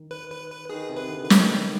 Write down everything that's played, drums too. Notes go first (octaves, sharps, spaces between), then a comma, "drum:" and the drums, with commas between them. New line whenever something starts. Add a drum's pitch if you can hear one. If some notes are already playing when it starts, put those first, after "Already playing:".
Already playing: D#3
B4
B4
B4
D#3 G#4
C3
B4
D3
B4
D#3, drum: snare
G3